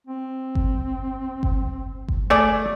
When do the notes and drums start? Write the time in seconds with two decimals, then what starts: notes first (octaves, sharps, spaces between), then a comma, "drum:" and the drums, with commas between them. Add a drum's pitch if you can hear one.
0.07 C4
0.55 drum: kick G1
1.43 drum: kick G1
2.08 drum: kick G1
2.30 A3 G#4 D5